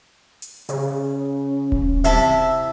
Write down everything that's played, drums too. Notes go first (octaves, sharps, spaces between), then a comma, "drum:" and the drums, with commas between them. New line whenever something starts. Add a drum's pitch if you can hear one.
drum: hi-hat
C#3, drum: hi-hat
drum: kick D#1
C3 E4 E5 A5, drum: hi-hat